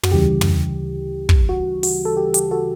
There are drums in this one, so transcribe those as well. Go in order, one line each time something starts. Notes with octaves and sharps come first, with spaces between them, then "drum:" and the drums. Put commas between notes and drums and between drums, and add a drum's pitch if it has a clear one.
F#4, drum: tom
D2 C#3 E3 G3 G4
drum: tom
drum: kick
F#4
F#4, drum: open hi-hat
A4
G4
G4, drum: hi-hat
F#4 A4